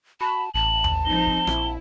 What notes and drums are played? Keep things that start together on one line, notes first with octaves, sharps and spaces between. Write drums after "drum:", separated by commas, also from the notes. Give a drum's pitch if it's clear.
F#4 A5 B5
A1 A5 F#7
drum: tom D#2
F3 C4 D#4 G7
drum: kick
A#1 E4, drum: rim click